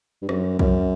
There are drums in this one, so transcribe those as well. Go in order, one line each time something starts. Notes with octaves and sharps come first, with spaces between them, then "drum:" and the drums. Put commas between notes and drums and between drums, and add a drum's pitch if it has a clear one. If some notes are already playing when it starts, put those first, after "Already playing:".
G2
F#2, drum: rim click
F#2, drum: kick